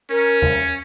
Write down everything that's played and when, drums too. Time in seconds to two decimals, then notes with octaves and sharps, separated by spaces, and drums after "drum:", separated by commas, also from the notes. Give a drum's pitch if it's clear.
0.10 C#4 A#4
0.42 drum: tom E2